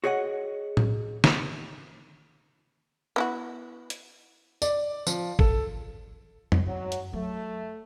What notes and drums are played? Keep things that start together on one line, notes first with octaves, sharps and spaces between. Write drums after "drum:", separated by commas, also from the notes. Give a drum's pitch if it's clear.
F#4 G#4 C#5 D#5 F#5
drum: tom A2
drum: snare
B3 E4 F#4
drum: hi-hat
D5, drum: tambourine
F3, drum: tambourine
A4, drum: kick
drum: tom F2
F#2 F#3
drum: hi-hat
F#3 A3